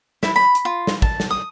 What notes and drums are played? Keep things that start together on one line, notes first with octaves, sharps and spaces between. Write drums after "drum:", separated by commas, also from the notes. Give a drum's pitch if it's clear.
E4, drum: snare
B5
drum: hi-hat
F4
drum: snare
A5, drum: kick
drum: snare
D#6